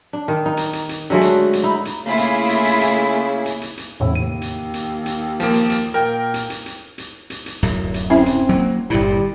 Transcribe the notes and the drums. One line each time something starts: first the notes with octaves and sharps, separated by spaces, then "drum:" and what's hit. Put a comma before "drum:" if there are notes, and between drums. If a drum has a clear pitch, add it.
D4
D#3
D#4
drum: hi-hat
drum: hi-hat
drum: hi-hat
D3 F#3 G#3 A3
drum: hi-hat
drum: hi-hat
D#4 E4
drum: hi-hat
C#3 A3 A#3 E4 F4 G#4 B5
drum: hi-hat
drum: hi-hat
drum: hi-hat
drum: hi-hat
drum: hi-hat
drum: hi-hat
drum: hi-hat
E2 A2 C#3 E4
D#2 D#7
drum: hi-hat
drum: hi-hat
drum: hi-hat
F3 A#3, drum: hi-hat
drum: hi-hat
drum: hi-hat
A#2 A#4 G5
drum: hi-hat
drum: hi-hat
drum: hi-hat
drum: hi-hat
drum: hi-hat
drum: hi-hat
D1 F#2, drum: hi-hat
drum: hi-hat
C4 C#4 E4 E5
drum: hi-hat
F#3 A#3
G1 A#2 G3 E4